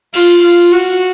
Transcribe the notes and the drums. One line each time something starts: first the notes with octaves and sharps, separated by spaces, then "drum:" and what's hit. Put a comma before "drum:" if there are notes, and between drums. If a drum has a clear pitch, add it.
F4, drum: cymbal
F4
F#4